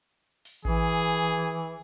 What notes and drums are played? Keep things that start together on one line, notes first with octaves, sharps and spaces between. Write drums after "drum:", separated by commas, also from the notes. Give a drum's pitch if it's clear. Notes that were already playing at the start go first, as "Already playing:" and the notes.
drum: open hi-hat
E3 G#4, drum: kick A1